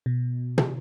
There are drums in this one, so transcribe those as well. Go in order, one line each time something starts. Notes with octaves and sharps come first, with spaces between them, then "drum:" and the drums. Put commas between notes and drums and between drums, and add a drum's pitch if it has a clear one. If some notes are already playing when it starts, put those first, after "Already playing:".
B2
drum: tom